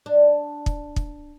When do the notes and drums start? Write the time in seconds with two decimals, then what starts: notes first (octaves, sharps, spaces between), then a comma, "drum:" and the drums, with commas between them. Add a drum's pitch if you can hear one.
0.06 D4
0.66 drum: kick
0.96 drum: kick